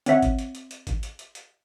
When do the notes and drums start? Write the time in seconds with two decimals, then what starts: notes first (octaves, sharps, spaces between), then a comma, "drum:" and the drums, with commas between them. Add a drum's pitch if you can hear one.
0.06 C4 C#5 E5 F#5, drum: hi-hat
0.22 drum: kick G#1, hi-hat
0.39 drum: hi-hat
0.55 drum: hi-hat
0.71 drum: hi-hat
0.87 drum: kick G#1, hi-hat
1.03 drum: hi-hat
1.19 drum: hi-hat
1.35 drum: hi-hat